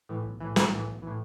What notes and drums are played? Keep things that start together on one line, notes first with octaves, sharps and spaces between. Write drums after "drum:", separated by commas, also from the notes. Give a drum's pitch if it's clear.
A2 E3
B1
A2 E3
B1, drum: snare
A2 E3
B1
A2 E3